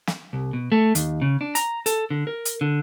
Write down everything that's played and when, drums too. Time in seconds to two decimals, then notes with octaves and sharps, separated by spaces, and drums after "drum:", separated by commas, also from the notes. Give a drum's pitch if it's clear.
0.07 drum: snare
0.33 C2
0.53 B2
0.72 A3
0.95 D#2, drum: hi-hat
1.22 C#3
1.41 D4
1.55 A#5, drum: hi-hat
1.86 A4, drum: hi-hat
2.10 D3
2.27 A#4
2.45 drum: hi-hat
2.61 D3